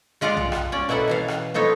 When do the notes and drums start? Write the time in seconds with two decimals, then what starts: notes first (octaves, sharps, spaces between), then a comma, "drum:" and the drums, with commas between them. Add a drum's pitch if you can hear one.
0.21 G#3 F4 D5 F5 F#5
0.37 drum: tom B1
0.52 drum: rim click
0.72 C#4 D5
0.89 B2 A#3 E4 A4 F#5
1.08 B2 E3 F5
1.28 drum: rim click
1.54 F3 B3 D#4 A4 C#5